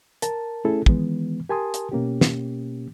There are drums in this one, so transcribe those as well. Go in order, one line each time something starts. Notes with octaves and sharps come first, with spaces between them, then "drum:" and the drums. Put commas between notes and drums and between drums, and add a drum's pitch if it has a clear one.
A#4 A5, drum: hi-hat
A3 C#4 E4 G#4 A4
D#3 E3 G#3 B3, drum: kick
G4 A#4 G#5 A5 C6 D#6
drum: hi-hat
B2 A#3 C#4 G4
drum: snare